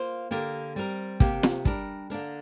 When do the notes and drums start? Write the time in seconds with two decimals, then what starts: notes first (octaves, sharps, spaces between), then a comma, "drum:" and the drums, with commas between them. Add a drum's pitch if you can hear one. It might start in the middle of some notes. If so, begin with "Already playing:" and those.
Already playing: A#3 F4 C5
0.31 D3 A#3 G4 A#4
0.76 G3 C4 A#4
1.20 C3 A#3 G4, drum: kick
1.43 drum: snare
1.65 G3 D4 A#4, drum: kick
2.10 D3 A#3 D4 A#4